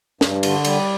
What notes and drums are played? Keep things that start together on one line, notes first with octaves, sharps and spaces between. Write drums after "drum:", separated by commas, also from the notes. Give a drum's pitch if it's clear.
G2, drum: snare
D3, drum: cymbal
G3, drum: cymbal